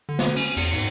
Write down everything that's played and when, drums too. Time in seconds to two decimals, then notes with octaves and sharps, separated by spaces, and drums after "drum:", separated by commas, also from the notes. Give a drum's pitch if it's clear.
0.09 D3
0.19 drum: snare
0.36 C#4, drum: cymbal
0.57 E2, drum: cymbal
0.73 G#2, drum: cymbal